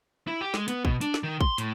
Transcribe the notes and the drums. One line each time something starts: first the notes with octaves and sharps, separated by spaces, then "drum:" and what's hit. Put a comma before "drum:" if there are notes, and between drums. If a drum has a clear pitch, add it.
E4
G4
G#3, drum: snare
B3, drum: hi-hat
B2, drum: kick
D4, drum: hi-hat
drum: snare
D#3
C6, drum: kick
A2, drum: hi-hat